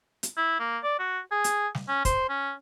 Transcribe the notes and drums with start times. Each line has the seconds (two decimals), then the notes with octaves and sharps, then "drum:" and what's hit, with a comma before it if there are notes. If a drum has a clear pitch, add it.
0.23 drum: hi-hat
0.37 E4
0.60 A#3
0.83 D5
0.99 F#4
1.31 G#4
1.44 drum: hi-hat
1.75 drum: snare
1.88 C#4
2.05 C5, drum: kick, hi-hat
2.29 C#4